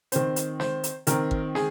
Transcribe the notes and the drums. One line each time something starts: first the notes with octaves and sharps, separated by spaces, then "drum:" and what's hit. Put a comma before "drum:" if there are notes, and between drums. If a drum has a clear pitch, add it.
D#3 C4 C5, drum: hi-hat
drum: hi-hat
C5, drum: snare
drum: hi-hat
D#3 C4 A#4, drum: hi-hat
drum: kick G#1
G#4, drum: snare